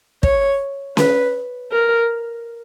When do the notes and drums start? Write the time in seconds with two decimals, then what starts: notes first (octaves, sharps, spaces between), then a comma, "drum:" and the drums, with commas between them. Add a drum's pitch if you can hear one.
0.23 C#5, drum: kick
0.97 B4, drum: snare C#4
1.71 A#4